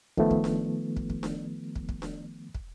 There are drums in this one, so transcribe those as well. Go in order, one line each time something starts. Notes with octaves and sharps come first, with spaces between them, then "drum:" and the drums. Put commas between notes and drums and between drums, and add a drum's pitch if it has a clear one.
D#3 F3 A3 B3, drum: kick
drum: kick
drum: snare D4
drum: kick
drum: kick
drum: snare D4
drum: kick
drum: kick
drum: snare D4
drum: kick